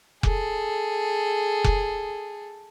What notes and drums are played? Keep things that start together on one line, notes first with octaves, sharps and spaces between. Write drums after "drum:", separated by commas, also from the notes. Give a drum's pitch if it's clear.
G#4 A4, drum: kick F1
drum: kick F1